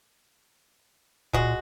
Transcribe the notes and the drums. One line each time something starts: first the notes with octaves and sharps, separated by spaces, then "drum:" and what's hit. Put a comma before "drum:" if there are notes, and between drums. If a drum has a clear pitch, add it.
A#2 G#3 F#4, drum: kick